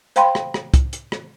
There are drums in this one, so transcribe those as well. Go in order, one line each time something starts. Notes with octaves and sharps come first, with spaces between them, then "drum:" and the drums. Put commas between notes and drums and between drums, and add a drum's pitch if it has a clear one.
C5 F5 G5 B5 C6, drum: hi-hat
drum: rim click
drum: rim click
drum: kick, hi-hat
drum: hi-hat
drum: rim click